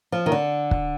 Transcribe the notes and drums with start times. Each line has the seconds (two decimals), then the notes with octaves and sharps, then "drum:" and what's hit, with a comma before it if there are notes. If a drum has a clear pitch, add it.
0.12 F3
0.26 D#3
0.32 D3
0.71 drum: kick